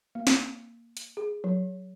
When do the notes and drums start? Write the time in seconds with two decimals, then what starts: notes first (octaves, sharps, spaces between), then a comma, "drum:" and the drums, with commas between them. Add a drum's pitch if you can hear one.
0.15 A#3
0.27 drum: snare
0.97 drum: hi-hat
1.17 G#4
1.44 F#3